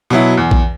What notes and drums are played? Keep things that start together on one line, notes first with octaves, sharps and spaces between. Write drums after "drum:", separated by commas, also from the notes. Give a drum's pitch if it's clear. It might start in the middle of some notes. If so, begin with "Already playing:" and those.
B2 F#3 E4
E2
drum: kick A#1